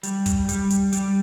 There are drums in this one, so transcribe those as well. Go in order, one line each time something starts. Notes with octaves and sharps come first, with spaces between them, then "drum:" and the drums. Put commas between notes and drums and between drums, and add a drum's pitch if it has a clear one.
G3, drum: hi-hat
drum: kick, hi-hat
G3, drum: hi-hat
drum: hi-hat
G3, drum: hi-hat